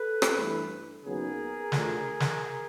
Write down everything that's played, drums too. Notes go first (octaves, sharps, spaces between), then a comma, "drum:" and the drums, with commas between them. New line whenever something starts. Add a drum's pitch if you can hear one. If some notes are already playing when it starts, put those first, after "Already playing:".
Already playing: A4 B4
drum: rim click
G2 E3 A3
D#2 C#3 F#3 B3 G#4 A#4
D2 D3 F3, drum: snare
drum: snare